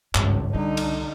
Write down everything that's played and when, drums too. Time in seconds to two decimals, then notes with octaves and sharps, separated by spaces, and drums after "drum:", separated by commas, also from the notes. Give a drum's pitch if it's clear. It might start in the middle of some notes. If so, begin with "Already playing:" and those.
0.15 G#1 C#2 G2, drum: clap
0.55 C2 D3 G3 D#4
0.77 drum: cymbal